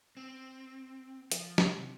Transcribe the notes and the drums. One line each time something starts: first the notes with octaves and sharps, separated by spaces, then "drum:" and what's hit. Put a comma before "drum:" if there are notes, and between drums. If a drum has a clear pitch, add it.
C4
F3, drum: hi-hat
drum: snare
C3